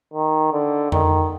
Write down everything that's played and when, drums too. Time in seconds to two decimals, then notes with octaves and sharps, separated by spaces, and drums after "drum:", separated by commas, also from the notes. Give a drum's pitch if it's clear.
0.13 D#3
0.53 D3
0.92 D#3, drum: tom F2